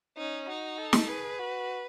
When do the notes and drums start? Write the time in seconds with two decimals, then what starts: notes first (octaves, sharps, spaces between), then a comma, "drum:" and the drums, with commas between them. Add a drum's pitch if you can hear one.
0.18 C#4 D#4
0.47 D#4 F#4
0.78 A4
0.93 drum: snare
1.08 G#4 B4
1.39 F#4